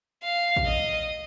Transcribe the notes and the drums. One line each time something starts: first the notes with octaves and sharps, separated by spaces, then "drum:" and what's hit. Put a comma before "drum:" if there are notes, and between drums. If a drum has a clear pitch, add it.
F5
drum: kick A1
D#5